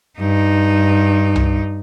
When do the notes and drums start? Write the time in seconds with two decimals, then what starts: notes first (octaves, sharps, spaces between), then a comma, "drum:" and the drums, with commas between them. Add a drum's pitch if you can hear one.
0.19 G2 D#4
1.36 drum: tom C2